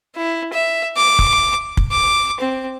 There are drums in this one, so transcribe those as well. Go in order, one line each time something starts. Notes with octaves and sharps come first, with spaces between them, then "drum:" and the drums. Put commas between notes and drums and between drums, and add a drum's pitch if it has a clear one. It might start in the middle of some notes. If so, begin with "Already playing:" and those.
E4
E5
D6
drum: kick
drum: kick
D6
C4